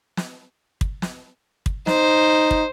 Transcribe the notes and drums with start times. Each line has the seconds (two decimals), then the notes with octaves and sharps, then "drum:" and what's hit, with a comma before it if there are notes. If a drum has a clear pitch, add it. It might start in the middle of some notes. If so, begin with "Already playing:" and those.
0.17 drum: snare
0.81 drum: kick
1.02 drum: snare
1.66 drum: kick
1.87 D#4 C5, drum: snare
2.51 drum: kick